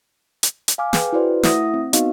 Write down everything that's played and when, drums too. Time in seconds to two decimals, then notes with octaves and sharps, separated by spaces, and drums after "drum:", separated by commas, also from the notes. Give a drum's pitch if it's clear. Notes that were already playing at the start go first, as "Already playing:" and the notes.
0.43 drum: hi-hat
0.68 drum: hi-hat
0.78 F5 G#5 D6 F6
0.93 G#4 B4 G5, drum: snare
1.13 E4 F#4 A4 B4 C5 D5
1.43 A3 E4 E5 F#5 D#6 A#6, drum: snare
1.74 C4
1.93 B3 D#4 F#4 D#5 F5, drum: hi-hat